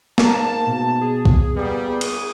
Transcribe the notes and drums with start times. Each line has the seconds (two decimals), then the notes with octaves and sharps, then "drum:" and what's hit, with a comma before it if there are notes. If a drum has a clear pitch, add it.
0.18 G#2 A#3 A#4 A5, drum: snare
0.67 B2
1.01 G#4
1.25 drum: kick
1.55 A#2 G3 B3
2.01 D#6, drum: cymbal